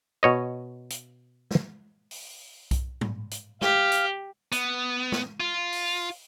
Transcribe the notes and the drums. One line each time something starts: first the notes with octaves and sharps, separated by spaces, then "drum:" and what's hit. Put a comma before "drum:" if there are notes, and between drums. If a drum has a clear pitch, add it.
B2 C#5 D#5
drum: hi-hat
drum: snare
drum: open hi-hat
drum: kick B1, hi-hat
drum: tom G#2
drum: hi-hat
G4 F5, drum: snare
drum: hi-hat
B3, drum: hi-hat
drum: snare
F4
drum: open hi-hat